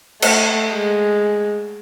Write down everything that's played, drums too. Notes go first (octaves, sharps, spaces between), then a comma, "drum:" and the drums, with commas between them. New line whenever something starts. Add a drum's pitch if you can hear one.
A3, drum: cymbal
G#3